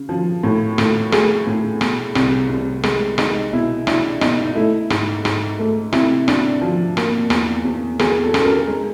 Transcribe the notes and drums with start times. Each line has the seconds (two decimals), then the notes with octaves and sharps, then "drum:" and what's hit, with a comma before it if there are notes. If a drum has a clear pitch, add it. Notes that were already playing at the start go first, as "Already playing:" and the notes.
Already playing: C#3
0.09 F3
0.43 A2
0.78 A2, drum: rim click
1.12 A3 G#4, drum: rim click
1.47 A2
1.81 B2, drum: rim click
2.15 C2, drum: rim click
2.49 C2
2.83 G#3, drum: rim click
3.18 G#3 D#4, drum: rim click
3.53 B2 E4
3.87 D4 E4, drum: rim click
4.21 B2 D#4, drum: rim click
4.43 D#4
4.55 A3 E4
4.90 G#2, drum: rim click
5.25 G#2, drum: rim click
5.59 A3
5.93 C3 E4, drum: rim click
6.28 D4, drum: rim click
6.62 F3
6.97 A#3, drum: rim click
7.30 E2, drum: rim click
7.65 E2
7.99 E2 G#4, drum: rim click
8.23 A4
8.34 C#3, drum: rim click
8.40 A4
8.45 A#4
8.68 G#3